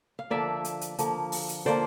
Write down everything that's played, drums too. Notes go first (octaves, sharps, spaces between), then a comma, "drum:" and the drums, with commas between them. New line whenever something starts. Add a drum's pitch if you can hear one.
F5
D3 F3 A#3 D5 E5
drum: hi-hat
drum: hi-hat
D3 F3 A#3, drum: hi-hat
drum: open hi-hat
drum: hi-hat
D3 F3 A#3 C5 D5